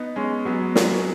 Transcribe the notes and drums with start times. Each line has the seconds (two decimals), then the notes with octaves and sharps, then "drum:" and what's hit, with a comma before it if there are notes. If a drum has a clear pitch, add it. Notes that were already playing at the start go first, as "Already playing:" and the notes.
Already playing: B3 D#4
0.16 G#3 C#4
0.45 F#3 B3
0.75 F#3 B3, drum: snare